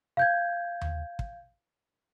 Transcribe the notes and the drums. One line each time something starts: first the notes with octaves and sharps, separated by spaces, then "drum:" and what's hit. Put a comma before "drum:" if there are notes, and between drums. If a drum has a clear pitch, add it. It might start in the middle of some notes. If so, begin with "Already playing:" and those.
F5 G6 G#6
drum: tom D#2
drum: kick